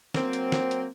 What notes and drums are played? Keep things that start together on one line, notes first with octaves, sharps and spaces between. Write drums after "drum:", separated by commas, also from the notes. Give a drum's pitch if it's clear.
F#3 A#3 C4, drum: snare
drum: hi-hat
drum: snare
drum: hi-hat